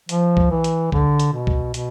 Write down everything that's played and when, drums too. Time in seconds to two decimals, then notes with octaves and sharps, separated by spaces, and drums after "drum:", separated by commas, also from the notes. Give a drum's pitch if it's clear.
0.09 F3, drum: hi-hat
0.37 drum: kick
0.51 E3
0.64 drum: hi-hat
0.92 D3, drum: kick
1.20 drum: hi-hat
1.33 B2
1.47 drum: kick
1.74 B2, drum: hi-hat